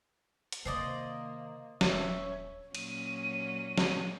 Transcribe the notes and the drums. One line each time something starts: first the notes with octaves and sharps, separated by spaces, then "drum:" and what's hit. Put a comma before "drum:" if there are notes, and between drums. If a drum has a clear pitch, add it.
drum: hi-hat
C3 D#3 A#3 C5 D5 D#5
D#1 C#4 E5, drum: snare
A#2 F#3 C#4 D#7, drum: cymbal
drum: snare